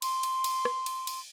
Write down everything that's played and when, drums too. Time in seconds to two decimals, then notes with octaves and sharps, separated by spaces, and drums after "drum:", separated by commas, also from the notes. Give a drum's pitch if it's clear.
0.02 C6, drum: cymbal
0.23 drum: cymbal
0.44 drum: cymbal
0.65 drum: rim click
0.86 drum: cymbal
1.07 drum: cymbal